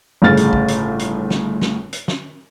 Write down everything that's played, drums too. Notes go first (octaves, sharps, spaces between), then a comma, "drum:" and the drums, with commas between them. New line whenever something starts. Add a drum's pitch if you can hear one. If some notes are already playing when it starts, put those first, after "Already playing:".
G1 A2 C#3 F6 A6
drum: hi-hat
drum: kick
drum: hi-hat
drum: hi-hat
drum: snare
drum: snare
drum: hi-hat
drum: snare